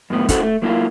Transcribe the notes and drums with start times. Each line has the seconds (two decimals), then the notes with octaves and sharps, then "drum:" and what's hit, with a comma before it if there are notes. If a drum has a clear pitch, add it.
0.10 F#2 A2 B3
0.29 C#4 E4 F#4 A4 C5, drum: kick, hi-hat
0.43 A3
0.62 F#3 A#3 E4 F4